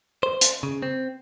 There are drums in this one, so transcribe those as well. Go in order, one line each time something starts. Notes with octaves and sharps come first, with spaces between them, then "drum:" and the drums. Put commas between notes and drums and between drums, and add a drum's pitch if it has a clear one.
C5
drum: hi-hat
C#3
C4